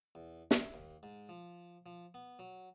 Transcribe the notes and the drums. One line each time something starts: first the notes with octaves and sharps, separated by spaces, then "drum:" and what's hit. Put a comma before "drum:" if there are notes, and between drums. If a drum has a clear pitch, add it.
E2
E4, drum: snare
D#2
G#2
F3
F3
B3
F#3